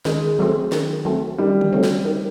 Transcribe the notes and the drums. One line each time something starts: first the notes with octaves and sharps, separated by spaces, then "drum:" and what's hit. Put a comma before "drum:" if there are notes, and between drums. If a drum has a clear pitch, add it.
D#3 G#3, drum: snare
F#3 A3 C4
D#3, drum: snare
F#3 A3 C4
D#3 G3
drum: tom C#3
F#3 A3 C4
drum: snare
D#3